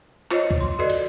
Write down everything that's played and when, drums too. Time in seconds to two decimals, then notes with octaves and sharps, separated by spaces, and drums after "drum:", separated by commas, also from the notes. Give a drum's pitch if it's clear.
0.31 F4 C5 C#5 D#5, drum: clap
0.51 drum: kick C#2
0.61 C6
0.79 F#4 A4 B4 D5 D#5
0.90 drum: cymbal